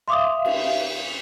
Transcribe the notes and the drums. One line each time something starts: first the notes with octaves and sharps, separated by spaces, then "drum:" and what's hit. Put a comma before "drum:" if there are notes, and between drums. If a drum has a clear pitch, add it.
E5 F5 C6 D6 D#6
drum: cymbal